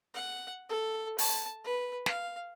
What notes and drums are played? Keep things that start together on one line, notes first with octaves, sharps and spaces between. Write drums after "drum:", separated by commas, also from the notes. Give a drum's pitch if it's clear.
F#5
A4
A5, drum: open hi-hat
B4
F5, drum: snare